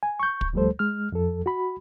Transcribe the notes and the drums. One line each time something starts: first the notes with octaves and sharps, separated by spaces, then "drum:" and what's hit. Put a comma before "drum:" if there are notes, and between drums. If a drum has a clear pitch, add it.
G#5
C#6 G6
drum: kick
D2 F3 G3 A3 A4 C5
G#3 F6
F2 F3 A4
F#4 B5